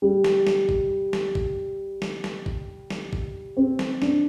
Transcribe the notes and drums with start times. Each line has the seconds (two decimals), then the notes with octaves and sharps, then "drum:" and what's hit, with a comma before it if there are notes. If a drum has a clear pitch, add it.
0.02 G3
0.24 drum: snare
0.47 drum: snare
0.69 drum: kick
1.13 drum: snare
1.35 drum: kick
2.02 drum: snare
2.24 drum: snare
2.46 drum: kick
2.90 drum: snare
3.13 drum: kick
3.57 C4
3.79 drum: snare
4.02 D4, drum: snare